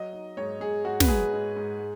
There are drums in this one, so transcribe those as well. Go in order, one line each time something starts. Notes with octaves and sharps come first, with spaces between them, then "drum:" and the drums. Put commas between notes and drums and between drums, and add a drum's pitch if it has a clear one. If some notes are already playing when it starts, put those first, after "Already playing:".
Already playing: F#3 D#5
D#4
G#2 C#5
G#2 G#4
G#2 F#4
B4, drum: snare
G#2 G#4
G#2
G#2
G#3